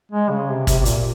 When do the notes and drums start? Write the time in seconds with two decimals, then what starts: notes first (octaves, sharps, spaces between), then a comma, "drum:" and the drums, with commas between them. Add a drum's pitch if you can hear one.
0.12 G#3
0.30 C#3
0.49 C3
0.67 C3, drum: kick, hi-hat
0.80 C3
0.85 A#2, drum: hi-hat